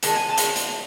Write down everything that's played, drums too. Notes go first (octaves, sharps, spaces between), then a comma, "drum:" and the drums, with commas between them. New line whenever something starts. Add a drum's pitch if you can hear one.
D#3 G#3 A5, drum: hi-hat
G#5
A5
D#3 G#3 C#4, drum: hi-hat
drum: hi-hat